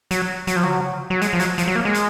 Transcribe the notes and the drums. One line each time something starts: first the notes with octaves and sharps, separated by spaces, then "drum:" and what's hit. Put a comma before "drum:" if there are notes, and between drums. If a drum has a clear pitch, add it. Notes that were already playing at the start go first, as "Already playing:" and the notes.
F#3, drum: hi-hat
F#3, drum: hi-hat
F3
F#3, drum: tom C#3
F#3
G#3, drum: hi-hat
F3
F#3, drum: hi-hat
F3, drum: hi-hat
F#3
A#3
G#3
drum: hi-hat